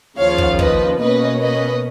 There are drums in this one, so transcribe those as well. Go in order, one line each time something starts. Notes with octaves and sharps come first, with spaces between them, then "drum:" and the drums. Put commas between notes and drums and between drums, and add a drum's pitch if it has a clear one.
D#2 C#3 F3 C#5 F5
drum: kick
B4 D#5, drum: kick
B2 A#3 C#4 B4 D#5
B4 D#5